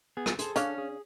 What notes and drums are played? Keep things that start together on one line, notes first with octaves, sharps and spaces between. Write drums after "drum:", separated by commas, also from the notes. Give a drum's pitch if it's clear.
B3 G#4
drum: rim click
G#4 A4 C5, drum: hi-hat
C#3 C#4 D4 F5, drum: hi-hat
G#4